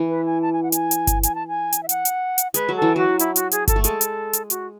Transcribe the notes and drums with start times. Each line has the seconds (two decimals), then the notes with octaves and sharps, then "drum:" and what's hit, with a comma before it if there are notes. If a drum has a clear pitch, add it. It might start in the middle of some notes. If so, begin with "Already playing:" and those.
Already playing: E3
0.09 B4
0.26 G#5
0.42 A5
0.53 G#5
0.63 F#5
0.72 G#5, drum: hi-hat
0.91 drum: hi-hat
1.07 drum: kick G1, hi-hat
1.23 G#5, drum: hi-hat
1.35 A5
1.48 G#5
1.72 drum: hi-hat
1.83 E5
1.89 F#5, drum: hi-hat
2.05 drum: hi-hat
2.38 drum: hi-hat
2.54 G#3 B4, drum: hi-hat
2.69 F#3
2.76 A4
2.82 E3
2.96 F#3 F#4
3.19 E4, drum: hi-hat
3.36 F#4, drum: hi-hat
3.51 G#4, drum: hi-hat
3.68 A4, drum: kick G1, hi-hat
3.76 A3
3.84 G#3 A4, drum: hi-hat
4.01 drum: hi-hat
4.33 drum: hi-hat
4.50 F#4, drum: hi-hat